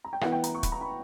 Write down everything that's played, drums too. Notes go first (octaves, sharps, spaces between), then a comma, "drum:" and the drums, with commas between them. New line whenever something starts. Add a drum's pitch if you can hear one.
A#5
G5
E3 B3 E4 F#5, drum: rim click
G5
A#5, drum: hi-hat
C#6
B5, drum: kick, hi-hat
A#5
B5